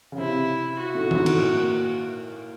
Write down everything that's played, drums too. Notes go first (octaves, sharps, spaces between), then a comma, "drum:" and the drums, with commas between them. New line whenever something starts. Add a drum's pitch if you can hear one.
C#3
C3 E4
F#4
A2
G#2, drum: tom D#3
A2, drum: cymbal
A#2